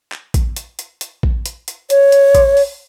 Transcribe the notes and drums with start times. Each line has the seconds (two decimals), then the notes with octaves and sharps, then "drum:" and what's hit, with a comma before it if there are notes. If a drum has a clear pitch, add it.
0.12 drum: clap
0.34 drum: kick A1, hi-hat
0.56 drum: hi-hat
0.79 drum: hi-hat
1.01 drum: hi-hat
1.23 drum: kick A1
1.46 drum: hi-hat
1.68 drum: hi-hat
1.90 C#5, drum: hi-hat
2.12 drum: hi-hat
2.35 drum: kick A1, hi-hat
2.57 drum: open hi-hat